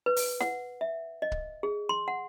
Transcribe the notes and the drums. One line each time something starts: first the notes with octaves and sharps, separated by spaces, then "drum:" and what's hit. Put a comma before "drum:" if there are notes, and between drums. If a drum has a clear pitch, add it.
B4
drum: open hi-hat
F#5, drum: snare
E5
D#5
drum: kick C#1
G#4
C6
F#5